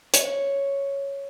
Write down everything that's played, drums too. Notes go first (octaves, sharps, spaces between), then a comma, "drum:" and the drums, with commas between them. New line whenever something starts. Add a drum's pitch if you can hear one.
C#5, drum: hi-hat